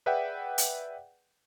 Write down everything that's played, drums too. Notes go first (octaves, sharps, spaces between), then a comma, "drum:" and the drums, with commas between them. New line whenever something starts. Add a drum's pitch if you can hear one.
G#4 B4 D5 E5 F#5 G5
drum: hi-hat